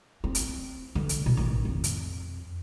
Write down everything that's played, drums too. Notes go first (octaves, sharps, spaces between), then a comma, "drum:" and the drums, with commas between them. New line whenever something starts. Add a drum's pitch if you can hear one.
C4
drum: hi-hat
D3 E3
drum: hi-hat
B2
A1 D#3
F2
drum: hi-hat